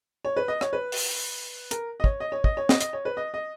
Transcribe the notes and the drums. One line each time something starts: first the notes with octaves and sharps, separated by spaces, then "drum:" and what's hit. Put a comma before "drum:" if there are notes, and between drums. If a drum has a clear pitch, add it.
C#5
B4
D#5
C#5, drum: rim click
B4
drum: open hi-hat
A#4, drum: hi-hat
D#5
C#5, drum: kick
D#5
C#5
D#5, drum: kick
C#5
D#5, drum: snare
D#5, drum: hi-hat
C#5
B4
D#5
D#5